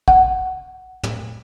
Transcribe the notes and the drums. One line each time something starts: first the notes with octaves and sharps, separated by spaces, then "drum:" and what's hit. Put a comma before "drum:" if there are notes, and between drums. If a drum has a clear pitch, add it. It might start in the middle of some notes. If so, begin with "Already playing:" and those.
F#5, drum: kick
drum: tom